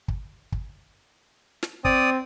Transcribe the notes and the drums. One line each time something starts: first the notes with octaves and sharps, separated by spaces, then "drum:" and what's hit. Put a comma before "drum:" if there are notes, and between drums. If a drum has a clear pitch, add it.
drum: kick
drum: kick
drum: snare
C4 D5 D#6, drum: kick